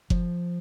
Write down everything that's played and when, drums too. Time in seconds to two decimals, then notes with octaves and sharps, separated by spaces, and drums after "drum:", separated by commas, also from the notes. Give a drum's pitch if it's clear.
0.10 F3, drum: kick F#1